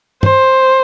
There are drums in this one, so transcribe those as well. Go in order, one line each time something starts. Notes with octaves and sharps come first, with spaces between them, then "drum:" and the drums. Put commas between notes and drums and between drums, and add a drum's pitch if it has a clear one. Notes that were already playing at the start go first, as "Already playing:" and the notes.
C5, drum: tom